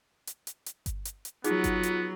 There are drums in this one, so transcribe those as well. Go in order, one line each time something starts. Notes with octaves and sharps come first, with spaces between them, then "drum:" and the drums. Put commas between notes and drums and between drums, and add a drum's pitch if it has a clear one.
drum: hi-hat
drum: hi-hat
drum: hi-hat
drum: kick G1, hi-hat
drum: hi-hat
drum: hi-hat
F#3 B3 D#4 F4 G#4 D6, drum: hi-hat
drum: kick G1, hi-hat
drum: hi-hat